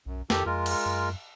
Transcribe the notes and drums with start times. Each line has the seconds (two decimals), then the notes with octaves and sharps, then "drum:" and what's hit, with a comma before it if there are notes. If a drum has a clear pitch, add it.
0.06 B1 F#2
0.30 F2 D#3 G4 A4, drum: snare
0.46 F2 G#3 F4 A#4
0.66 drum: cymbal
0.86 F#2